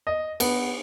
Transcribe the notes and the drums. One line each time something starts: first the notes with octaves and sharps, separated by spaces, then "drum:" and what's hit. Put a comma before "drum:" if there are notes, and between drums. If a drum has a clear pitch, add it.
D#5
B3, drum: cymbal